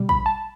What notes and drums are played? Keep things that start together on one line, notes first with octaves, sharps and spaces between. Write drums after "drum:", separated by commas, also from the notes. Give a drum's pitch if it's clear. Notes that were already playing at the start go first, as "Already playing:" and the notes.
Already playing: B2 G3
B5, drum: kick A#1
A5